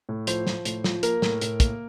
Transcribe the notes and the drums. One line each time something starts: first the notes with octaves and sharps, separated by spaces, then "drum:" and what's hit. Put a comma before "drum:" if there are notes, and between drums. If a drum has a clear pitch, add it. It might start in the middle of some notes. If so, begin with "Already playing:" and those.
A2
F3 C5, drum: hi-hat
F3, drum: snare
A2, drum: hi-hat
F3, drum: snare
A#3 A#4, drum: hi-hat
A2, drum: snare
A2, drum: hi-hat
A#3, drum: kick, hi-hat